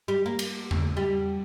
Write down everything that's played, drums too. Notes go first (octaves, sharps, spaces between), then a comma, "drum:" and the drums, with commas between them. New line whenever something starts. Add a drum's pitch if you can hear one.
G3
A#3
drum: cymbal
drum: tom E2
G3